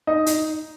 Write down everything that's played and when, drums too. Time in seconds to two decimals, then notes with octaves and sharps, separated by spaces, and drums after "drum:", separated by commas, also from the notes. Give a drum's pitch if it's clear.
0.07 D#4 D#5
0.26 D#4, drum: hi-hat